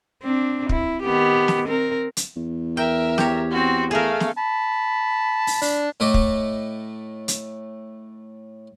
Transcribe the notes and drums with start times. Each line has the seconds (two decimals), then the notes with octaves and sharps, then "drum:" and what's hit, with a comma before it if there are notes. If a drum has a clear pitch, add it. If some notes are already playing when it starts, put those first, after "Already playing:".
0.23 C4 D4
0.69 E4, drum: kick
1.04 D#3 B3 G4
1.48 drum: snare
1.68 C4 A#4
2.17 drum: hi-hat
2.36 E2
2.77 A#4 E5 G5
3.18 G4 C#5, drum: snare
3.51 C4 F#4
3.91 A3 G#4 A#4 F5
4.20 drum: snare
4.38 A5 B5
5.47 drum: open hi-hat
5.62 D4, drum: open hi-hat
6.00 A2 A3 D#5 D6
6.14 drum: kick
7.28 drum: hi-hat